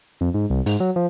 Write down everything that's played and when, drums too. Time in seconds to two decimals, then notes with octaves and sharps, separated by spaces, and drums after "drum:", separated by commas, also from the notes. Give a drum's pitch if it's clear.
0.21 F2
0.34 G#2
0.50 C2
0.66 G#2, drum: open hi-hat
0.80 F#3
0.96 F3